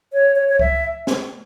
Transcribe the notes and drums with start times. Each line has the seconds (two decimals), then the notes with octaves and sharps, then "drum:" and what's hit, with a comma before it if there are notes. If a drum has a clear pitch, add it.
0.13 C#5
0.36 C#5
0.49 C#5
0.59 E5, drum: kick C#2
1.07 drum: snare